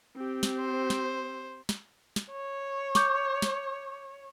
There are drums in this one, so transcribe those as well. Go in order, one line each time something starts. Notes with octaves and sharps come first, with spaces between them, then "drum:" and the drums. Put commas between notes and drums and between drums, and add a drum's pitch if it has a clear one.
C4 G4
drum: snare
C5
drum: snare
drum: snare
drum: snare
C#5
C#6 D6 G6, drum: snare
drum: snare